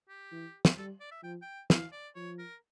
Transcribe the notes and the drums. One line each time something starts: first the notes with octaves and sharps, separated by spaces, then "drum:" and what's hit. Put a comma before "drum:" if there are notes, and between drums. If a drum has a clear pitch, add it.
G4
E3
drum: snare
G3 A4
D5
E5
F3 G5
G5
E3 F5, drum: snare
D5
F3 C#5
A#4